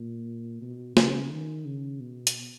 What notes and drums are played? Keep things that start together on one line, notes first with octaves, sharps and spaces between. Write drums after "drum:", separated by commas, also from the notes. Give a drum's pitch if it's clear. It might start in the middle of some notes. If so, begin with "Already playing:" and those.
Already playing: A#2
B2
C#3, drum: snare
D#3
C#3
B2
drum: hi-hat